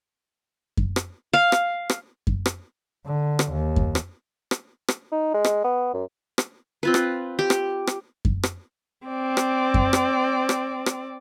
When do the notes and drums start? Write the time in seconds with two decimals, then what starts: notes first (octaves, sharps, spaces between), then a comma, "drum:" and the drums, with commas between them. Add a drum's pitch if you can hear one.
0.77 drum: kick F#2
0.96 drum: rim click
1.33 F5
1.52 drum: rim click
1.90 drum: rim click
2.27 drum: kick F#2
2.46 drum: rim click
3.05 D3
3.39 drum: rim click
3.51 D#2
3.76 drum: kick F#2
3.95 drum: rim click
4.51 drum: rim click
4.88 drum: rim click
5.12 D#4
5.34 G#3
5.44 drum: rim click
5.64 B3
5.94 F#2
6.38 drum: rim click
6.83 C4 F4 B4
6.94 drum: rim click
7.39 G4
7.50 drum: rim click
7.87 drum: rim click
8.25 drum: kick F#2
8.43 drum: rim click
9.07 C4 D5
9.37 drum: rim click
9.74 drum: kick F#2
9.93 drum: rim click
10.49 drum: rim click
10.86 drum: rim click